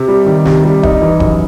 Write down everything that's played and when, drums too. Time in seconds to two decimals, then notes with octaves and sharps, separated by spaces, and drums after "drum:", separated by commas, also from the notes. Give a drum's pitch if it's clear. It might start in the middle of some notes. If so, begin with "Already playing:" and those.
Already playing: C3
0.08 G3
0.26 D#3
0.46 C3, drum: snare
0.64 G3
0.83 D#4, drum: kick D#1
1.02 E3
1.20 F#2, drum: kick D#1